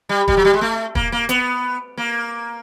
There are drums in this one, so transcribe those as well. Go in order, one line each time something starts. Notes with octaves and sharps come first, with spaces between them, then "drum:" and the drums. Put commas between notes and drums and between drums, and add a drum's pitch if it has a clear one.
G3
G3, drum: kick
F#3
G3
G#3
A3
A#3, drum: kick
A#3
B3, drum: hi-hat
A#3